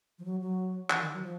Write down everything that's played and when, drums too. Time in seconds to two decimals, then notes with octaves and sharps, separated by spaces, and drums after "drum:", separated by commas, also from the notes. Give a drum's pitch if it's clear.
0.19 F3
0.25 F#3
0.41 F#3
0.90 E3, drum: clap
1.01 D#3
1.13 F#3
1.22 F3